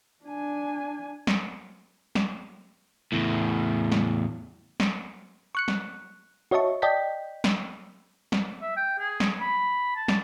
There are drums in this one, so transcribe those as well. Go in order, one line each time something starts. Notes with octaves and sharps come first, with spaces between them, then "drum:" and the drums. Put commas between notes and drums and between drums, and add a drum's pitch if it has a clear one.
D4 G#5
drum: snare
drum: snare
E2 A2
drum: snare
drum: snare
C#6 F#6 C#7
drum: snare
F#4 C#5 D#5 E5 A5 C#6
D5 D#5 G5 A5 G6 B6
drum: snare
drum: snare
E5
G5
G#4
drum: snare
B5
A5
drum: snare